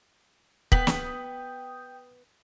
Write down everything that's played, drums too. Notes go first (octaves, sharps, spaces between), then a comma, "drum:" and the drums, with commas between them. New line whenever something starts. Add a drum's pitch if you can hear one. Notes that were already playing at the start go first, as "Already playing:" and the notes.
B3 G5 D#6 G6 B6 F#7, drum: kick
drum: snare